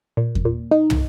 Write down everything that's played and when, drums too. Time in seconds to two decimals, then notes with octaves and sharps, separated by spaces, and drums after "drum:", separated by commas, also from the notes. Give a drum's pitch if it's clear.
0.17 A#2
0.35 drum: kick E2
0.45 A#2
0.71 D#4
0.90 drum: tom